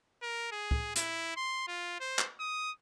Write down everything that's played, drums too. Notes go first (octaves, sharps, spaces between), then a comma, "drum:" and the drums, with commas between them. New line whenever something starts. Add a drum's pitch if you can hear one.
A#4
G#4
drum: kick
E4, drum: hi-hat
C6
F4
C5
drum: clap
D#6